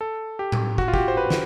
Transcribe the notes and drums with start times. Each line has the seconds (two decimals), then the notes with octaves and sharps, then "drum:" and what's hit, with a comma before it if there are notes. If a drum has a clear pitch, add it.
0.01 A4
0.39 G4
0.52 drum: tom A2
0.78 F#4, drum: kick
0.88 F4
0.94 G4, drum: kick
0.98 F#4
1.08 C5
1.17 B4
1.30 drum: snare